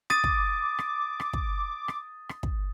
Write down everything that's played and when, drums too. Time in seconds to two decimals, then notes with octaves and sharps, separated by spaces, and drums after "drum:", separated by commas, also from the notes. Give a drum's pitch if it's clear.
0.10 D6 D#6 A6 D#7, drum: rim click
0.24 drum: kick
0.79 drum: rim click
1.20 drum: rim click
1.33 drum: kick
1.88 drum: rim click
2.29 drum: rim click
2.43 drum: kick